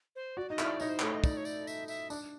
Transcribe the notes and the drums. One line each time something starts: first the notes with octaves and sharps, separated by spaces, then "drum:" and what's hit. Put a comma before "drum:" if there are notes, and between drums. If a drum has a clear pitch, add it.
C5
F#4 D5
D#4 D#5
E4, drum: clap
D5
D#4 C#5, drum: tambourine
C5
A3 C#5, drum: clap
D#5
D#4 D5, drum: kick, tambourine
C#5
D5, drum: tambourine
E5, drum: tambourine
E5, drum: tambourine
D4, drum: tambourine